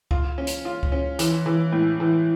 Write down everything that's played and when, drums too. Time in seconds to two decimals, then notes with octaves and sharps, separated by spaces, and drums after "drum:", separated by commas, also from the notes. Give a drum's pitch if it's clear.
0.11 F4, drum: kick C#2
0.38 C#4
0.47 drum: hi-hat
0.65 F4
0.83 drum: kick C#2
0.92 C#4
1.19 E3, drum: hi-hat
1.46 E3
1.72 A2
2.00 E3